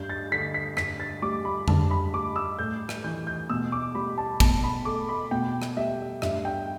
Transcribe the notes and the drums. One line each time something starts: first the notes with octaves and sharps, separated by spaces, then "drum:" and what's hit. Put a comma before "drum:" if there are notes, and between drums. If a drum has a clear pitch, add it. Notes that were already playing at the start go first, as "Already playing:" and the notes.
Already playing: G2 G6
A6
D3 B6
B6
G2 B6, drum: rim click
A6
G3 D6
B5
G2 A5, drum: tom F2
B5
G3 D6
E6
A2 G6
drum: rim click
E3 G6
G6
B2 E6
D6
G3 B5
A5
B2 A5, drum: kick, cymbal
B5
A3 D6
B5
B2 G5
drum: rim click
G3 E5
G2 E5, drum: rim click
G5